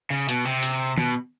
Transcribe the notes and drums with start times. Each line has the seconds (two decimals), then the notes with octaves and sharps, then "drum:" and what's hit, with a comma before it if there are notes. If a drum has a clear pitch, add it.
0.10 C#3
0.29 B2, drum: hi-hat
0.45 C3
0.63 drum: hi-hat
0.98 B2, drum: tom